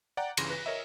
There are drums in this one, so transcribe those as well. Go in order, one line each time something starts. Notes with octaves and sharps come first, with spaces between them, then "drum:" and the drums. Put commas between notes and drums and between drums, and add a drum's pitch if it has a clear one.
D5 F#5 G5 A#5
G1 G2 C#3 E3 C6 A#6, drum: cymbal
B4
A#4 C#5 D#5 E5